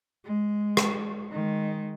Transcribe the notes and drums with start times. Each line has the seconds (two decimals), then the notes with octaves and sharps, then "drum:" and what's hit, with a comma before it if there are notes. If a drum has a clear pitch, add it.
0.25 G#3
0.77 drum: rim click
1.32 D#3 G#3